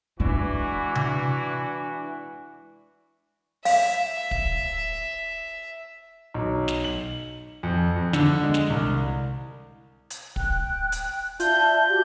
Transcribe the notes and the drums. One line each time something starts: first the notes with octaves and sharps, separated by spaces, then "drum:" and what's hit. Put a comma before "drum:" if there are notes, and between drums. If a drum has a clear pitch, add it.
E3 G#3 D4 F#4
drum: tom C3
E5 F5, drum: open hi-hat
drum: kick
B1
drum: snare
F#7
F2
F2
D3, drum: snare
G#3
drum: snare
C2
drum: hi-hat
G5 F#6, drum: kick
drum: hi-hat
F4 D5 E5 A5 G6, drum: hi-hat
F#4 G4